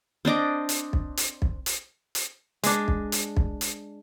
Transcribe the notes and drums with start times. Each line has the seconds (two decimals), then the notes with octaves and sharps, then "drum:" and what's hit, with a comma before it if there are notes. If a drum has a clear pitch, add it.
0.25 C4 D4 D#5 D6
0.69 drum: hi-hat
0.93 drum: kick
1.17 drum: hi-hat
1.42 drum: kick
1.66 drum: hi-hat
2.15 drum: hi-hat
2.63 G#3 D4, drum: hi-hat
2.88 drum: kick
3.12 drum: hi-hat
3.37 drum: kick
3.61 drum: hi-hat